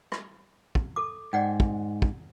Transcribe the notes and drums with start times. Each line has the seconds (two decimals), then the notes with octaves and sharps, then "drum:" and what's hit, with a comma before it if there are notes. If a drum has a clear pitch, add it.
0.12 drum: rim click
0.75 drum: kick
0.96 A4 D6
1.33 G#2 D5 F#5 G5
1.60 drum: kick
2.02 drum: kick